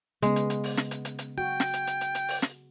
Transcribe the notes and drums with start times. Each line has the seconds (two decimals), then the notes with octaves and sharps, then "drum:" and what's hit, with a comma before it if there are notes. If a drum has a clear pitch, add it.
0.22 C#3 G#3 B3, drum: hi-hat
0.36 drum: hi-hat
0.50 drum: hi-hat
0.64 drum: open hi-hat
0.77 drum: snare
0.91 drum: hi-hat
1.05 drum: hi-hat
1.19 drum: hi-hat
1.38 F#4 G5
1.60 drum: snare
1.74 drum: hi-hat
1.87 drum: hi-hat
2.01 drum: hi-hat
2.15 drum: hi-hat
2.28 drum: open hi-hat
2.42 drum: snare